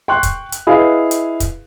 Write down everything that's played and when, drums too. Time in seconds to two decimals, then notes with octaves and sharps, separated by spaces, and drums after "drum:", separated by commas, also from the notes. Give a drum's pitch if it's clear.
0.08 G5 C6 C#6 F#6
0.23 drum: kick, hi-hat
0.52 drum: hi-hat
0.67 E4 G#4 B4 D#5 F5
1.11 drum: hi-hat
1.40 drum: kick, hi-hat